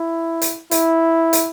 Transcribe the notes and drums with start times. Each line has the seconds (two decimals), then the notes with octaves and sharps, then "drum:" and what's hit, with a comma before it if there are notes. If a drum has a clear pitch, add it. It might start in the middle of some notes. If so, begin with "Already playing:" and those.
Already playing: E4
0.42 drum: hi-hat
0.71 E4, drum: hi-hat
1.33 drum: hi-hat